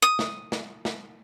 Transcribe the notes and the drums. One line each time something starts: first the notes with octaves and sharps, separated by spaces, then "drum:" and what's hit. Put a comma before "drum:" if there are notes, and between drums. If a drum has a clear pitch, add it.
D#6
drum: snare
drum: snare
drum: snare